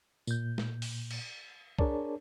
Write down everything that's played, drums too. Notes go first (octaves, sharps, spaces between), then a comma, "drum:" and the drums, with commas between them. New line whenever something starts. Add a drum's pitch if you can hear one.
A#2 G6, drum: tambourine
drum: snare
drum: open hi-hat
drum: cymbal
D4 G#4 A#4 C#5 D5 A5, drum: kick C2